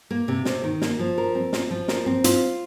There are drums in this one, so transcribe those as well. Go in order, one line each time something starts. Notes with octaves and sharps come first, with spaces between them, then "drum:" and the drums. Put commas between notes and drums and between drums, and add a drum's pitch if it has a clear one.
A#3
C3
C3, drum: snare
D#3
A#3, drum: snare
F3
A#4
C4
F4, drum: snare
F3
A#4, drum: snare
C4
F4, drum: hi-hat